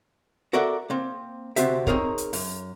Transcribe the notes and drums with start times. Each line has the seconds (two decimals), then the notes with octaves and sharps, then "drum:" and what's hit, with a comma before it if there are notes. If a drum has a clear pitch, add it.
0.53 F#4 A4 A#4 D5 E5 F#5
0.90 A#3 C4
1.56 D2 C3 C4 F#4 G4 E5, drum: hi-hat
1.87 C4 D#4 F4 G#4 A#4 C#5, drum: kick
2.18 drum: hi-hat
2.33 F#2, drum: open hi-hat